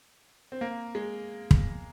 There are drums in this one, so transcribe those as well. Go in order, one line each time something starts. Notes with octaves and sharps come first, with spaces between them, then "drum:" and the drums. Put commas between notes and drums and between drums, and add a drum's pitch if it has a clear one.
C4
A#3
G#3
drum: kick